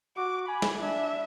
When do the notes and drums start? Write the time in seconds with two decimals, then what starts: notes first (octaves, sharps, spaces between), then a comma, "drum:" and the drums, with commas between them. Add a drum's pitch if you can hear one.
0.17 F#4 D6
0.48 G#5 B5
0.62 drum: snare
0.81 D4 E5